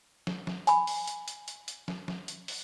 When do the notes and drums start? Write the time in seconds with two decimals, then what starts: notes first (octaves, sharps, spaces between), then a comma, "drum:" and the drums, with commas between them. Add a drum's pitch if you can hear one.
0.27 drum: snare
0.47 drum: snare
0.67 G#5 B5, drum: hi-hat
0.87 drum: open hi-hat
1.07 drum: hi-hat
1.28 drum: hi-hat
1.48 drum: hi-hat
1.68 drum: hi-hat
1.88 drum: snare
2.08 drum: snare
2.28 drum: hi-hat
2.48 drum: open hi-hat